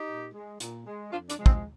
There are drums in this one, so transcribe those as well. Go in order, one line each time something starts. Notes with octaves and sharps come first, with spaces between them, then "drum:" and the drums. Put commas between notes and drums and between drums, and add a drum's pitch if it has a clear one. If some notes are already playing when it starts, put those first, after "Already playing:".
Already playing: D#4 G4
A#2
G#3
A#2, drum: hi-hat
G#3
F2 D4 F4
D4, drum: hi-hat
C3 F3 G#3
C4, drum: kick